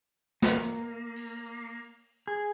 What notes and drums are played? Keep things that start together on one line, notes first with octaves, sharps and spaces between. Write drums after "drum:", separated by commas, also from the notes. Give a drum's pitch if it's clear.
A#3, drum: snare
drum: open hi-hat
G#4